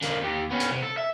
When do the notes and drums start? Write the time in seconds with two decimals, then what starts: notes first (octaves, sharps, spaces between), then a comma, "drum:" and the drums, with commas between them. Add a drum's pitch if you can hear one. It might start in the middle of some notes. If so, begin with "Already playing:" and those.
0.02 D3 A#3, drum: hi-hat
0.23 D#2 G4
0.51 B3 C#4
0.60 drum: hi-hat
0.71 C3
0.82 A4
0.97 E5